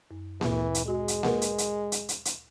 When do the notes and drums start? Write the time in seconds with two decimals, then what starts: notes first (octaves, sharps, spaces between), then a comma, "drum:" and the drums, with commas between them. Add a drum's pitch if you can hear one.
0.11 F#2
0.41 D2 A#2 E3, drum: snare A#3
0.75 drum: hi-hat
0.86 G#3 F#4 G#4
1.08 drum: hi-hat
1.23 A#4 B4 F#5, drum: snare A#3
1.42 drum: hi-hat
1.58 drum: hi-hat
1.92 drum: hi-hat
2.09 drum: hi-hat
2.25 drum: hi-hat